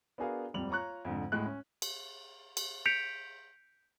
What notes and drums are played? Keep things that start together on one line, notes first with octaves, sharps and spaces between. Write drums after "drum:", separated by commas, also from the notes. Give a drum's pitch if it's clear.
B3 D4 F#4 G#4 A#4 F5
D#1 G#1 F2 G3 F7 F#7
F4 C#5 A#5 C#6 F#6
F2 G#2 D3
D2 A2 G#3 F#6
C#4
drum: cymbal
drum: cymbal
G6 B6 C#7 D7 F7